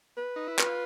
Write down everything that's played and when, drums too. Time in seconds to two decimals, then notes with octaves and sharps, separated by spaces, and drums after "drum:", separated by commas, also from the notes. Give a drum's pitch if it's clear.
0.17 B4
0.36 D#4
0.48 E4
0.59 F4 B4, drum: clap